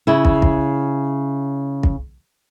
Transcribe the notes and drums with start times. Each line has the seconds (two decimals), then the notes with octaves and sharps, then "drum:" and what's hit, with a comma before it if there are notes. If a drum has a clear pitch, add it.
0.07 C#3 E4
0.25 drum: kick
0.42 drum: kick
1.83 drum: kick